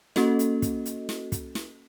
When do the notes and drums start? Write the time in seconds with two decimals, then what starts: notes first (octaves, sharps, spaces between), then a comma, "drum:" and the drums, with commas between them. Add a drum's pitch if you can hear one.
0.16 A#3 C#4 F#4 A4 D#5, drum: snare
0.39 drum: hi-hat
0.62 drum: kick, hi-hat
0.85 drum: hi-hat
1.09 drum: snare
1.32 drum: kick, hi-hat
1.55 drum: snare